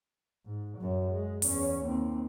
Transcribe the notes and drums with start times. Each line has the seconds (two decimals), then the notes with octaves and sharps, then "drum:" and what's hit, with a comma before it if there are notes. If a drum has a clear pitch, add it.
0.45 G#2
0.78 F#2 F#3
1.09 G#3
1.42 E2 C#4, drum: open hi-hat
1.83 D#2 C4